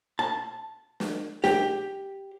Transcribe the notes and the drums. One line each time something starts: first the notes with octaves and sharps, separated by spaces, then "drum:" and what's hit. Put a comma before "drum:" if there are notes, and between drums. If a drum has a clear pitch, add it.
A5
drum: snare
G4, drum: snare